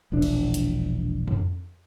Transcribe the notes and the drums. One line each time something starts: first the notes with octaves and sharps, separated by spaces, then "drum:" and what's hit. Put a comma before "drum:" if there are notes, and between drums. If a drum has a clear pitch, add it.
E1 A#1 E3 D4
drum: cymbal
drum: hi-hat
drum: tom F2